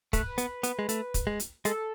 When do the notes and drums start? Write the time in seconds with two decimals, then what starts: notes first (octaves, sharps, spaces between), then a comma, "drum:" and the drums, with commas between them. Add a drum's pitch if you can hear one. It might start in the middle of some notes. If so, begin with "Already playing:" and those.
0.13 A3 B4, drum: kick, hi-hat
0.38 B3, drum: hi-hat
0.63 B3, drum: hi-hat
0.79 G#3
0.89 A3, drum: hi-hat
1.14 drum: kick, hi-hat
1.27 G#3
1.40 drum: hi-hat
1.65 G#3 A4, drum: hi-hat